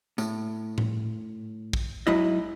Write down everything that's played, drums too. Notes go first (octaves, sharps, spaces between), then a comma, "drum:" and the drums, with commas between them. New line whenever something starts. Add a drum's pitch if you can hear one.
A2, drum: tambourine
drum: tom A2
drum: kick
G#2 F#3 E4 D#5